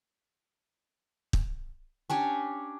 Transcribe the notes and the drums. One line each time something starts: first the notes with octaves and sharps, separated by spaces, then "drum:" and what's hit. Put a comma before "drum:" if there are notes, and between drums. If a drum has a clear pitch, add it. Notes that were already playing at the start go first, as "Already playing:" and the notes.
drum: kick
C#4 D4 G4 C#5